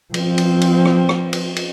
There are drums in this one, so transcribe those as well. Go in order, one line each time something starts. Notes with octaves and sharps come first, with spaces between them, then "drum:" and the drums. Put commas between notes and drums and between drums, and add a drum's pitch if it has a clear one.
F3 C4, drum: cymbal
drum: cymbal
drum: cymbal
drum: rim click
drum: rim click
drum: cymbal
drum: cymbal